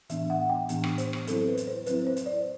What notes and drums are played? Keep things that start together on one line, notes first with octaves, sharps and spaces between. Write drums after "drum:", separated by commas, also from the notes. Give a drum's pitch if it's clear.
A2 E3 B3 D4 E5, drum: hi-hat
F#5
G5
A2 E3 B3 D4, drum: hi-hat
drum: rim click
C5, drum: hi-hat
drum: rim click
F#3 C4 E4 A4, drum: hi-hat
B4
drum: hi-hat
C5
F#3 C4 E4 B4, drum: hi-hat
C5
drum: hi-hat
D5